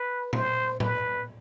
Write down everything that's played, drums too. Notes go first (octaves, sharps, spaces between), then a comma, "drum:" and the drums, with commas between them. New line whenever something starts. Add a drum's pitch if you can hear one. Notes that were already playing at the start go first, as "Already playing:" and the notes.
Already playing: B4
C5, drum: tom A#2
B4, drum: tom A2